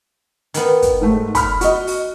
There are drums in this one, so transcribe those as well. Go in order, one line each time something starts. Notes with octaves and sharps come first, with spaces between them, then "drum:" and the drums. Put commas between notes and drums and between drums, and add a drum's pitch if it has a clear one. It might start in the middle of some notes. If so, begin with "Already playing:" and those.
D#3 B3, drum: hi-hat
drum: kick, hi-hat
G#2 A3
B5 F6, drum: kick, hi-hat
F#4 D#5, drum: hi-hat
drum: open hi-hat